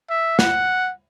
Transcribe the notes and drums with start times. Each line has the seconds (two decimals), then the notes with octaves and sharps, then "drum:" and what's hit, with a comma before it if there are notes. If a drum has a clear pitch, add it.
0.10 E5
0.39 F#5, drum: snare